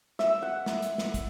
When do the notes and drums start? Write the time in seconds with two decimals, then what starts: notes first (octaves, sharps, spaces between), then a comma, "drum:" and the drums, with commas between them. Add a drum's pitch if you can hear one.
0.19 E5, drum: snare
0.43 F#5
0.66 drum: snare
0.82 drum: hi-hat
0.98 drum: snare
1.14 drum: kick, hi-hat